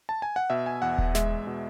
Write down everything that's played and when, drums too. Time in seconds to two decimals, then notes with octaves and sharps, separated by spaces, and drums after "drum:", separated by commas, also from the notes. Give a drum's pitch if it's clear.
0.09 A5
0.22 G#5
0.36 F#5
0.50 B2 E5
0.66 G#5
0.82 E2 F#5
0.98 drum: kick D#1
1.15 G#3 E5, drum: snare
1.47 B2